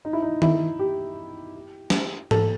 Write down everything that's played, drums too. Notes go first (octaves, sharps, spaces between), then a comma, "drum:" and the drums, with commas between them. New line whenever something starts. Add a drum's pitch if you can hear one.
D#4
E4
D#4
E4, drum: tom D#3
G4
drum: snare
A4, drum: tom G#2